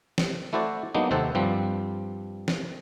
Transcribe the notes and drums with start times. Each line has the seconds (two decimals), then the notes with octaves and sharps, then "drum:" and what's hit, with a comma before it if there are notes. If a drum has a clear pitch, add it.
0.18 drum: snare
0.53 A3 E4 F#4 C5 D5
0.95 F#3 G#3 A#3 B3 D4 D#4
1.11 D#2 C3 C4 A4 C5 F#5
1.35 G2 F3 G3 C4
2.48 drum: snare